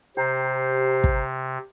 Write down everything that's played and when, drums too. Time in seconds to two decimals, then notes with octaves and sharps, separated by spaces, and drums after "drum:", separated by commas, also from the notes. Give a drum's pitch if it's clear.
0.17 C3 G4 C5 A#5
1.04 drum: kick